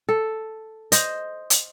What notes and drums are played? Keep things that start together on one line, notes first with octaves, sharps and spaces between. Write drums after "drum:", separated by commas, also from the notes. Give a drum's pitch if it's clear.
A4
C5 D#5, drum: hi-hat
drum: hi-hat